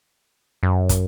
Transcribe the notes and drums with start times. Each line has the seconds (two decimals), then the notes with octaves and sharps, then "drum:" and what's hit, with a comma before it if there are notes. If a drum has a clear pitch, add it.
0.63 F#2
0.89 drum: kick, hi-hat